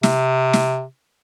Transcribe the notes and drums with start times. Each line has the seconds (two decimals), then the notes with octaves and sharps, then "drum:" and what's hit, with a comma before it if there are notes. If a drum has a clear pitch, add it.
0.03 C3, drum: snare
0.53 drum: snare